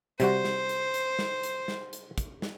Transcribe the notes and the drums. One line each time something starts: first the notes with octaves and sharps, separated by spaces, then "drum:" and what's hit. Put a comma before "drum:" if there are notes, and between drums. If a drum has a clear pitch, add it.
C3 G3 F#4 C5, drum: hi-hat
drum: snare
drum: hi-hat
drum: hi-hat
drum: snare
drum: hi-hat
drum: snare
drum: hi-hat
drum: kick, hi-hat
drum: snare